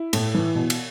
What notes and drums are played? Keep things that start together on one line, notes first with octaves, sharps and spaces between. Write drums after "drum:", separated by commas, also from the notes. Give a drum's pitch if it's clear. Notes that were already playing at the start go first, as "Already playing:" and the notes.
Already playing: E4
A2, drum: cymbal
E3
B2
drum: cymbal